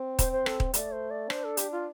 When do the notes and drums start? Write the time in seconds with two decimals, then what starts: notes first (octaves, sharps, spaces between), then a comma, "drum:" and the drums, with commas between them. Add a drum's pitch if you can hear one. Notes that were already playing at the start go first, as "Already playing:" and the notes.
Already playing: C4
0.19 C5, drum: kick D#1, hi-hat
0.33 C5
0.46 A4, drum: rim click
0.60 drum: kick D#1
0.74 A3 D5, drum: hi-hat
0.92 C5
1.10 D5
1.30 D4 C5, drum: rim click
1.44 A4
1.57 G4, drum: hi-hat
1.71 F4